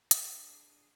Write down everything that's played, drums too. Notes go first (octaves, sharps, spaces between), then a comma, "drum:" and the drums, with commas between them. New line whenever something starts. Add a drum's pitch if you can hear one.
D4 G#4, drum: hi-hat